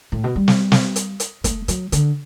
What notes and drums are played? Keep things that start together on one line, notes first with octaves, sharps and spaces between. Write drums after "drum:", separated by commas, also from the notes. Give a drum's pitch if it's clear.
A2
B2
G3
drum: snare
drum: snare
drum: hi-hat
drum: hi-hat
A3, drum: kick, hi-hat
F#3, drum: hi-hat
D3, drum: hi-hat